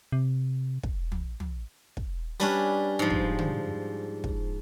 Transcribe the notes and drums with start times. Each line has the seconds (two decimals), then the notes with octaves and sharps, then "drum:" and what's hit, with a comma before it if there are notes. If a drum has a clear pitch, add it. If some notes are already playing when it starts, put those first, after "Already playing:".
0.12 C3
0.83 drum: kick
1.12 drum: tom
1.40 drum: tom
1.97 drum: kick
2.40 G3 C#4 D4 B4
2.99 G#2 F3
3.10 drum: kick
3.39 drum: tom
4.24 drum: kick